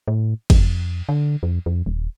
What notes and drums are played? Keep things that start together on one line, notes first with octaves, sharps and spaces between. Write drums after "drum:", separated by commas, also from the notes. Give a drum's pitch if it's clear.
A2
F2, drum: kick, cymbal
D3
F2
F2
D#1